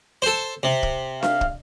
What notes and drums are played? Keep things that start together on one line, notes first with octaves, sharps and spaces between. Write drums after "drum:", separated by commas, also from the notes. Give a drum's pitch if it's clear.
A4 C5
C3
drum: kick
F5, drum: snare D4
drum: kick